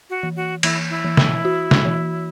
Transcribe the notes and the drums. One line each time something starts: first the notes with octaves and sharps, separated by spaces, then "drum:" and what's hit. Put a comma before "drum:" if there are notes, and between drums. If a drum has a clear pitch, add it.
F#4
E3
F#4
E3 E4, drum: cymbal
E4
E3
drum: snare
F#4
drum: snare
E3